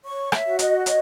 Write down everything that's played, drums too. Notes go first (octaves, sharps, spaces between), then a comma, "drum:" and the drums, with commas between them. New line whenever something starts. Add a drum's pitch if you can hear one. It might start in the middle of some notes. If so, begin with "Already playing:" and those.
C#5 C#6
E5, drum: rim click
F#4
D#5, drum: hi-hat
C#5 D#5, drum: hi-hat